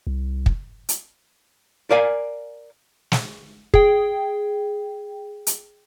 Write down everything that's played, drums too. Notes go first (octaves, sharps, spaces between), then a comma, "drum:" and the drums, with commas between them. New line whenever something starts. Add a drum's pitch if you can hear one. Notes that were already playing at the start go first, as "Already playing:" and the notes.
C2
drum: kick
drum: hi-hat
A#4 D5 F5 G#5
drum: snare
G#4 G5, drum: kick
drum: hi-hat